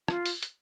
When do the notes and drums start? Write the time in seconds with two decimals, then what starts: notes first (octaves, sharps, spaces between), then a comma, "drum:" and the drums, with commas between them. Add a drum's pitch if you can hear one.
0.08 F4, drum: rim click
0.26 drum: open hi-hat
0.43 drum: hi-hat